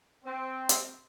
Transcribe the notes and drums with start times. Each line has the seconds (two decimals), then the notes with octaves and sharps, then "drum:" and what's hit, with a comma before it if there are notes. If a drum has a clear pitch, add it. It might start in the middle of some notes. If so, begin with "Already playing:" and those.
0.25 C4
0.69 drum: hi-hat